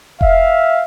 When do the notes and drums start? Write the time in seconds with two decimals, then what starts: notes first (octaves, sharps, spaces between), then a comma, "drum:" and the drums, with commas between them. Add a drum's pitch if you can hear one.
0.21 E5 F5, drum: kick E1